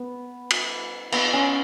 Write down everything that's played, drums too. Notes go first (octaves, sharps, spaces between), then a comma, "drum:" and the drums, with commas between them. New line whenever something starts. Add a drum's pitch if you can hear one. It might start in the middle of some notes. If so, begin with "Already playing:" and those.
Already playing: B3
drum: cymbal
B3, drum: cymbal
C#4